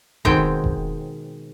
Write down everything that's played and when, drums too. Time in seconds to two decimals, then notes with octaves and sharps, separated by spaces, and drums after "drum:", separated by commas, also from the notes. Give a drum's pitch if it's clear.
0.25 B2 D#3 G#3 C4 G5, drum: kick E1
0.64 drum: kick E1